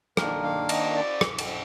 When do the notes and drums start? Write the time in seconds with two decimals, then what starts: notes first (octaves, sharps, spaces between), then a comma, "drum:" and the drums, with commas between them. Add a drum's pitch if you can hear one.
0.17 D#3 A#3 D4 A#4, drum: rim click
0.44 F5
0.69 D#5, drum: cymbal
0.95 D5
1.21 drum: rim click
1.38 drum: cymbal